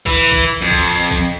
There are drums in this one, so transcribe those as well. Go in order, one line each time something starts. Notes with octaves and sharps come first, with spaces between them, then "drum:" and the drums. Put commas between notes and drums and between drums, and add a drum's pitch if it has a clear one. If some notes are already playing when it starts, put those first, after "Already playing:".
E3, drum: kick
drum: kick
F2
drum: kick
drum: kick